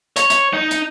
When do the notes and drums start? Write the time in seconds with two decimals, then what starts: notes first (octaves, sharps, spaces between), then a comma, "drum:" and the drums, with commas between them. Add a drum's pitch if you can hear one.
0.16 C#5, drum: hi-hat
0.30 drum: hi-hat
0.53 D#4
0.71 drum: hi-hat